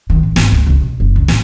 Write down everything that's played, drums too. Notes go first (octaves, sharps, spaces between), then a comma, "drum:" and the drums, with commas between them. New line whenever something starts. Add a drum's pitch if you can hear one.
D#3
A1
G#1, drum: snare
D2
C#2
B1
F#1
C#2
A1, drum: snare